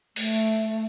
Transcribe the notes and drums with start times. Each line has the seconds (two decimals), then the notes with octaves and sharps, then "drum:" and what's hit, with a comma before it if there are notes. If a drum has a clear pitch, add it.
0.16 A3, drum: open hi-hat